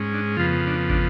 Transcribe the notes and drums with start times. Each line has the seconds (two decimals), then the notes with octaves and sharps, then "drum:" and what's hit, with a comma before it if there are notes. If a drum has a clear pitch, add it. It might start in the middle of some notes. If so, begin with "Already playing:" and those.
Already playing: G#2 G#3 C#4
0.14 D4
0.37 F2 C#3 F3 B3 F4
0.67 D4
0.90 D4, drum: kick